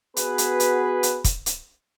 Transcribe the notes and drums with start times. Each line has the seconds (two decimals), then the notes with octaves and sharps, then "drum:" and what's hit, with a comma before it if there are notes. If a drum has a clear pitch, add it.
0.17 B3 F#4 G#4 B4, drum: hi-hat
0.38 drum: hi-hat
0.60 drum: hi-hat
1.03 drum: hi-hat
1.24 drum: kick, hi-hat
1.46 drum: hi-hat